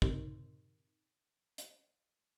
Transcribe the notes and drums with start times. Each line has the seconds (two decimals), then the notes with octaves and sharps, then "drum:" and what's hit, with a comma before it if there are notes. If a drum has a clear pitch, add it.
0.02 C3 D#3, drum: kick
1.58 drum: hi-hat